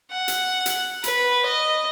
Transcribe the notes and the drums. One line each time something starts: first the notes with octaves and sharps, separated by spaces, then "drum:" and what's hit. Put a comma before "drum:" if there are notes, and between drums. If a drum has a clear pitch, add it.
F#5
drum: hi-hat
drum: hi-hat
B4, drum: hi-hat
D#5